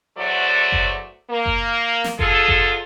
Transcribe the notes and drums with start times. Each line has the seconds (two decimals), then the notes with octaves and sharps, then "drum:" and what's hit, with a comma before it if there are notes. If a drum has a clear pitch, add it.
0.17 E2 F#3 A3 F#4 C5 D5
0.72 drum: kick F#1
1.30 A#3
1.46 drum: kick F#1
2.04 drum: snare
2.19 E2 F4 G#4 A4, drum: kick F#1
2.48 drum: kick F#1